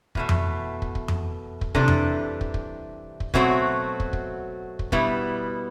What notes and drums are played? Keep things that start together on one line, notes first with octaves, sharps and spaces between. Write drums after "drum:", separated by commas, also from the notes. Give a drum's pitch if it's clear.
E2 B2 A3, drum: kick
drum: tom F2
drum: kick
drum: kick
drum: tom F2
drum: kick
C3 E3 G3 D4 A4, drum: kick
drum: tom F2
drum: kick
drum: kick
drum: kick
B2 F#3 A3 C4 F#4, drum: kick
drum: kick
drum: kick
drum: kick
B2 G3 B3 E4, drum: kick